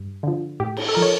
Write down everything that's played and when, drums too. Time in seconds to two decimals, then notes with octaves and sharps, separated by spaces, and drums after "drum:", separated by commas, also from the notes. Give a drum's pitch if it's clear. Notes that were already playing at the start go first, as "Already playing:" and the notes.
Already playing: G2
0.23 D3 F3
0.60 A2 G4
0.77 drum: cymbal
0.89 A4
0.95 F3 A#4
1.02 C#5